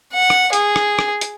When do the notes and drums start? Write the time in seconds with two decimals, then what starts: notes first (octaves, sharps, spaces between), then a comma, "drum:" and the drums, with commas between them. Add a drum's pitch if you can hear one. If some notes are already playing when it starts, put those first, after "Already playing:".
0.14 F#5
0.30 drum: rim click
0.53 G#4, drum: hi-hat
0.76 drum: rim click
0.99 drum: rim click
1.21 drum: hi-hat